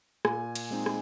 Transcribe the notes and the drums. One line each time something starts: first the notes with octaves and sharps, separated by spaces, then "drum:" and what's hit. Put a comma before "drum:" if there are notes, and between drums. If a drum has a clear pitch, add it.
A#2 G#5, drum: rim click
drum: cymbal
G#3 C4 D#4
drum: rim click